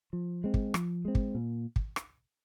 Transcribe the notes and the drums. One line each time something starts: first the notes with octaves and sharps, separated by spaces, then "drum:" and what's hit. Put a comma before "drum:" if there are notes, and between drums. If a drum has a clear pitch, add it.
F3
G#3 C4
drum: kick
F3, drum: rim click
G#3 C4
drum: kick
A#2
drum: kick
drum: rim click